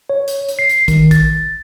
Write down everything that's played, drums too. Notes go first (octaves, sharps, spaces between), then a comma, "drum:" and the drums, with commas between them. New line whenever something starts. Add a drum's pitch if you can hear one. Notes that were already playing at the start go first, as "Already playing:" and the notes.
C#5
drum: hi-hat
drum: hi-hat
C7
drum: hi-hat
D#3, drum: kick, hi-hat
A6, drum: kick, hi-hat